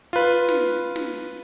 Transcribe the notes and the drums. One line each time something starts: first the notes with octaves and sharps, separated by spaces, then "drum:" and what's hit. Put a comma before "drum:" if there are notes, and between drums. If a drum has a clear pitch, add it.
F4 B4, drum: open hi-hat
drum: snare
drum: snare